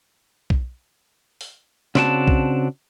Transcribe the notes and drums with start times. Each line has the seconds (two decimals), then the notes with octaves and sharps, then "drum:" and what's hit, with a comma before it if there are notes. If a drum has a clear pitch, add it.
0.50 drum: kick B1
1.41 drum: open hi-hat
1.95 C#3 C4 D4 F#4 C#5 A5, drum: snare
2.28 drum: kick B1